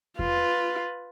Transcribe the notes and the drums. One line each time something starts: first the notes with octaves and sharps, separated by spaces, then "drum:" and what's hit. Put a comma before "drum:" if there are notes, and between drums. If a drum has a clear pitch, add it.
F4 B4, drum: kick E2